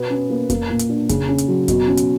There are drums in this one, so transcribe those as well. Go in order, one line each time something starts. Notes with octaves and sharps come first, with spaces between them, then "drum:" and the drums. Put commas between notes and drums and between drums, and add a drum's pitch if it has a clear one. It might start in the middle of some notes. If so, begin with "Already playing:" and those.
Already playing: B2 B3
C#4
A#3
A#3, drum: kick F2, hi-hat
A#2
drum: hi-hat
D4
C#3, drum: kick F2, hi-hat
C#4
drum: hi-hat
F#3
B2, drum: kick F2, hi-hat
C#4
drum: hi-hat